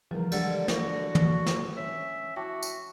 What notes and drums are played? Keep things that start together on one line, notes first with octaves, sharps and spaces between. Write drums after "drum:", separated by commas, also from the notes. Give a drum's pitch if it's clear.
E2 C#3 E3 F3 G3 A#4
D3 G#3 D4 G4 A4 D5 F#5, drum: cymbal
F#4, drum: snare
drum: tom
drum: snare
C#4 E5
E4 F#4 G5 A5 D6
drum: tambourine